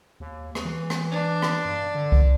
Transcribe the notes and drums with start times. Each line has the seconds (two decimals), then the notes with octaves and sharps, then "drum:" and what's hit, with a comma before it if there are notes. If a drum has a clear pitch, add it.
0.20 D#2
0.55 drum: rim click
0.65 E3
0.90 drum: rim click
1.11 D4
1.42 drum: rim click
1.65 G2
1.95 D3
2.12 drum: kick C2